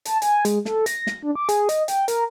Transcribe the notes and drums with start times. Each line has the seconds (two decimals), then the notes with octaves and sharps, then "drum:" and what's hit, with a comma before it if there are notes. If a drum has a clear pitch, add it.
0.05 A5, drum: hi-hat
0.22 G#5, drum: hi-hat
0.45 G#3, drum: hi-hat
0.65 A4, drum: snare
0.86 A#6, drum: hi-hat
1.07 drum: snare
1.23 D4
1.35 D6
1.49 G#4, drum: hi-hat
1.69 D#5, drum: hi-hat
1.88 G5, drum: hi-hat
2.08 A#4, drum: hi-hat